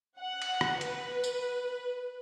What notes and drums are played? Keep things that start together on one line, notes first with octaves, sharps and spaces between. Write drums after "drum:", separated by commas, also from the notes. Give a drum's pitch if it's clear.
F#5
drum: cymbal
drum: rim click
B4, drum: hi-hat
drum: tambourine